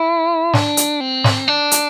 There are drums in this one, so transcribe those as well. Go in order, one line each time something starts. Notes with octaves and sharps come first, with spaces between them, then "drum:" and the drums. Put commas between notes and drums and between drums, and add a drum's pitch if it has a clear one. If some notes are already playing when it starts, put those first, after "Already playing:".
Already playing: E4
D4, drum: snare
drum: hi-hat
C4
drum: snare
D4
drum: hi-hat